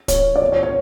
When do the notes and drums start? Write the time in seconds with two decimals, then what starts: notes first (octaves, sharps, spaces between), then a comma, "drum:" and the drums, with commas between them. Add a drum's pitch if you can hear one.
0.08 C#5, drum: kick, hi-hat
0.36 D5
0.41 C#5
0.52 C#5
0.63 C#5